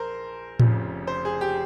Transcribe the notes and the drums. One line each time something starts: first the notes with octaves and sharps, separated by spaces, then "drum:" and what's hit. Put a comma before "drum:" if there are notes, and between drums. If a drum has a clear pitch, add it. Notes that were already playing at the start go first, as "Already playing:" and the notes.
Already playing: A#1 A#4 C5
F1 F2 C#3 F3, drum: tom A2
C5
G#4
G4